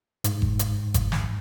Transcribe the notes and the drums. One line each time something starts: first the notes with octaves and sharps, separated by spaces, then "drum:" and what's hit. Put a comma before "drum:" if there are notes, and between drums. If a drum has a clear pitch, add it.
G#2, drum: hi-hat
drum: kick G1
drum: hi-hat
drum: kick G1, hi-hat
drum: snare